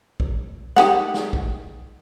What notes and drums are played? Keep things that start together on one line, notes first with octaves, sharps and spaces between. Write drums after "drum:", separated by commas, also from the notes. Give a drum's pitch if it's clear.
drum: kick
D#4 G4 F#5, drum: snare
drum: snare
drum: kick